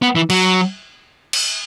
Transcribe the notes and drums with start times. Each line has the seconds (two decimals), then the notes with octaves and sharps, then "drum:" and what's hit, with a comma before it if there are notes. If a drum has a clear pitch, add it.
0.02 B3
0.15 E3
0.30 F#3, drum: cymbal
1.33 drum: cymbal